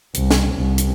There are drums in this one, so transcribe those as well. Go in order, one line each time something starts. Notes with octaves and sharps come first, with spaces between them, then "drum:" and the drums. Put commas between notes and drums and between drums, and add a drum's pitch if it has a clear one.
C2, drum: hi-hat
drum: snare
C2
drum: hi-hat